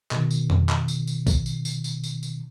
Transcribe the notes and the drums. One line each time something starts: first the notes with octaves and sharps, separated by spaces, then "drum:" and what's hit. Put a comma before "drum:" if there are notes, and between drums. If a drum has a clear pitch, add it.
B2 D#3, drum: clap
drum: tambourine
drum: tom F2
drum: clap
drum: tambourine
drum: tambourine
drum: kick A#1, tambourine
drum: tambourine
drum: tambourine
drum: tambourine
drum: tambourine
drum: tambourine